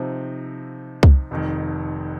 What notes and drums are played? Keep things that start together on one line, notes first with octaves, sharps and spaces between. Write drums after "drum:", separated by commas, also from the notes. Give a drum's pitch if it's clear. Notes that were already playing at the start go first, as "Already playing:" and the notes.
Already playing: C3 F3 C4 D#4
drum: kick C2
F1 F2 D#3